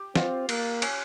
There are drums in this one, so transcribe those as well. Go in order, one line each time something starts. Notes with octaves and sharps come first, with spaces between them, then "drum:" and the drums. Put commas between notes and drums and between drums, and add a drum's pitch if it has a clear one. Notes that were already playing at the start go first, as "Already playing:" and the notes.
Already playing: G4
C4 F4, drum: snare
A#3, drum: cymbal
C#4, drum: cymbal